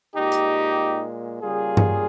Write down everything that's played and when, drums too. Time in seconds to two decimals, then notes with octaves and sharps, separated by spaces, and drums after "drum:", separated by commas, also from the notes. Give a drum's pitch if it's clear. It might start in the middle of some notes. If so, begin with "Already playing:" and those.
0.15 A#2 G#3 D#4 G4
0.32 drum: hi-hat
1.41 C#3 G3 A#3 F4 G#4
1.77 drum: tom G2